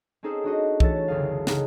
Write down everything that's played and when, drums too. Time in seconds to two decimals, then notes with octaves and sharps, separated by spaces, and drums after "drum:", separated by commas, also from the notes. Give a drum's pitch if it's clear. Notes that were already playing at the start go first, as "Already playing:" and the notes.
0.23 C4 C#4 D#4 G#4 A4 C5
0.44 D4 F#4 D#5
0.80 E3 A3 A4 C#5 A6, drum: kick
1.08 F#1 C2 D3 G#4 F5
1.47 C#3 D#4 F#5, drum: snare